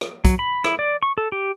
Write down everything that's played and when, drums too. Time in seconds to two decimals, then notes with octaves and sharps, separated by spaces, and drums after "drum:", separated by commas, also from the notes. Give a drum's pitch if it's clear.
0.01 drum: rim click
0.25 F#3, drum: kick, hi-hat
0.39 B5
0.64 E4, drum: rim click
0.79 D5
1.03 C#6
1.18 A4
1.32 G4